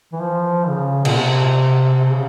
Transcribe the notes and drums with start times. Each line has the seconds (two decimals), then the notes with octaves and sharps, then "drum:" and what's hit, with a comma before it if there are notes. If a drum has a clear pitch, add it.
0.12 E3
0.21 F3
0.69 C#3
1.05 A#2, drum: cymbal
1.17 C3
2.04 C3
2.13 C#3